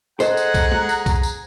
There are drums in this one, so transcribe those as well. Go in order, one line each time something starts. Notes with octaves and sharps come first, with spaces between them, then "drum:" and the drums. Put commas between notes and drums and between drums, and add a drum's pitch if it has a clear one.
G#4 A4 C5 D#5 F#5 A#5, drum: tambourine
drum: tambourine
drum: kick, tambourine
drum: tom G#3
drum: tambourine
drum: kick, tambourine
drum: tambourine